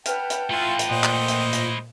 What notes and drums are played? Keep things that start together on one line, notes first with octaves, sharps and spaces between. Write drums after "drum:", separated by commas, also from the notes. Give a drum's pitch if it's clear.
B4 F#5 G5 A5 F6, drum: hi-hat
drum: hi-hat
A3 E4 F4 B4 F5 C6 A6
drum: hi-hat
A#2 C5 D#5
drum: clap
drum: hi-hat
drum: hi-hat